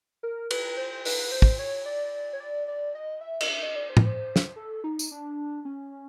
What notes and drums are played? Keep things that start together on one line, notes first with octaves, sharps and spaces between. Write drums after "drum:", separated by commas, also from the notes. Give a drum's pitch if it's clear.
A#4
B4, drum: cymbal
C5
B4, drum: open hi-hat
C5
drum: kick
C#5
D5
C#5
D5
D5
D#5
E5
D#5, drum: cymbal
E5
D#5
D5
C5
B4, drum: tom A2
C5
drum: snare
A4
D#4
drum: tambourine
D4
C#4